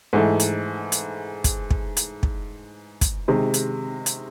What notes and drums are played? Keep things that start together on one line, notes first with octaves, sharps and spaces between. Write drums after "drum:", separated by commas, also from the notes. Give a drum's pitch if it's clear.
G#2 E3 A3
drum: hi-hat
drum: hi-hat
drum: kick, hi-hat
drum: kick
drum: hi-hat
drum: kick
drum: kick, hi-hat
C3 D#3 G#3
drum: hi-hat
drum: hi-hat